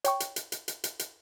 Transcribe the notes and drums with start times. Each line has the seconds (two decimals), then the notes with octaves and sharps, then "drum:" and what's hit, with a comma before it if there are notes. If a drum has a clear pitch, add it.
0.04 C#5 G5 C#6, drum: hi-hat
0.20 drum: hi-hat
0.36 drum: hi-hat
0.52 drum: hi-hat
0.68 drum: hi-hat
0.84 drum: hi-hat
0.99 drum: hi-hat